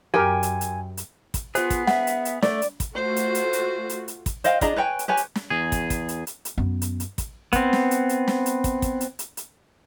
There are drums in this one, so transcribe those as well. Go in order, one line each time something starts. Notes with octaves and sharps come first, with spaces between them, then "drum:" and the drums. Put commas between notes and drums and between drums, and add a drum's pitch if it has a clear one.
F#2 G4 A#4 G5 G#5
drum: hi-hat
drum: hi-hat
drum: hi-hat
drum: kick, hi-hat
B3 F4 G#4 C5, drum: hi-hat
drum: kick, hi-hat
E5 F#5, drum: snare
drum: hi-hat
drum: hi-hat
A3 D5, drum: snare
drum: hi-hat
drum: kick, hi-hat
A3 F4 F#4 C5
drum: hi-hat
drum: hi-hat
drum: hi-hat
drum: hi-hat
drum: hi-hat
drum: kick, hi-hat
C5 D#5 F5 G5, drum: hi-hat
D4 G#4 D#5 A#5, drum: kick, hi-hat
B4 C#5 G5 G#5
drum: hi-hat
G4 B4 C#5 G#5
drum: hi-hat
drum: snare
E2 G#4
drum: kick, hi-hat
drum: kick, hi-hat
drum: hi-hat
drum: hi-hat
drum: hi-hat
F#2 B3
drum: hi-hat
drum: hi-hat
drum: kick, hi-hat
B3 C4, drum: kick, hi-hat
drum: snare
drum: hi-hat
drum: hi-hat
drum: snare
drum: hi-hat
drum: kick, hi-hat
drum: kick, hi-hat
drum: hi-hat
drum: hi-hat
drum: hi-hat